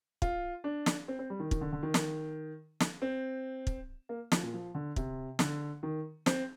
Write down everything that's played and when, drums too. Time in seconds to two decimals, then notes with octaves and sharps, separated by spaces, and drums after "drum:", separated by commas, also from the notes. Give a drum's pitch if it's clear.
0.22 F4, drum: kick
0.64 D4
0.86 drum: snare
1.08 C4
1.19 C4
1.30 G3
1.40 D#3
1.51 D#3, drum: kick
1.61 D3
1.72 D3
1.83 D#3
1.94 drum: snare
2.80 drum: snare
3.02 C4
3.67 drum: kick
4.09 A#3
4.32 F3, drum: snare
4.43 A#2
4.54 F3
4.75 D3
4.96 C3, drum: kick
5.39 D3, drum: snare
5.83 D#3
6.26 C4, drum: snare